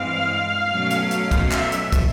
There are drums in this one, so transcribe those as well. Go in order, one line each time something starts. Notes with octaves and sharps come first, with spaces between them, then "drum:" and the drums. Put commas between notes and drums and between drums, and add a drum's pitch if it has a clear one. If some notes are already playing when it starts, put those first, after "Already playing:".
Already playing: G2 E3 G#3 C4 F5
B2 F#3 A3 C#4
drum: hi-hat
drum: hi-hat
drum: kick, hi-hat
E5, drum: clap
drum: hi-hat
drum: kick, hi-hat